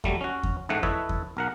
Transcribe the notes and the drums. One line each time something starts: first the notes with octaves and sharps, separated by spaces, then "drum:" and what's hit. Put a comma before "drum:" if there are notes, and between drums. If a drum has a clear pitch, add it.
F#3 G3 A3, drum: kick E2
C#4 F#4
drum: kick E2
A1 G#2 A3 F#5
E4 A4 B4 C#5 D#5 E5, drum: kick E2
drum: kick E2
B1 A#4 F#5